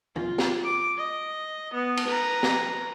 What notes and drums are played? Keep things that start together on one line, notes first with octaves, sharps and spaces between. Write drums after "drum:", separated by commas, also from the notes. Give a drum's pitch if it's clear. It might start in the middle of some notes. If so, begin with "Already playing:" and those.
F4, drum: tom
drum: snare
D6
D#5
B3
drum: cymbal
B4 A#5
drum: snare